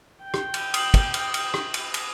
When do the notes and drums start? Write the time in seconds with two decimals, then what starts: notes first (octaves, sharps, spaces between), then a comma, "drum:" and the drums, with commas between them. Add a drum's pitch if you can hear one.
0.23 G5
0.34 drum: rim click
0.54 drum: cymbal
0.74 D#6 C7 F#7, drum: cymbal
0.94 drum: kick, cymbal
1.14 drum: cymbal
1.34 drum: cymbal
1.54 drum: rim click
1.74 drum: cymbal
1.94 drum: cymbal